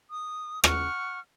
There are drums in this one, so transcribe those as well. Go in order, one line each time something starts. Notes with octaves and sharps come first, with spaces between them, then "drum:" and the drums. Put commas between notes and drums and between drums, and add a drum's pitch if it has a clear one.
D#6
F#5 C#6 F6, drum: rim click